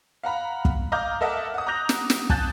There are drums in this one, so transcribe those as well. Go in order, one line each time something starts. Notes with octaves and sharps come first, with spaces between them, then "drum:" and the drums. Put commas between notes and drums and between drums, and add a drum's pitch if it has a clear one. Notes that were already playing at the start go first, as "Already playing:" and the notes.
F5 F#5 A#5 B5
drum: kick
D#5 F5 A#5 D6 F6 G6
A4 A#4 D#5 E5 F#5 A5
F#5 D#6
A#5 D6 F#6 G6 A#6 F7
drum: snare
drum: snare
G#5 A5 F#6 G6 A6, drum: kick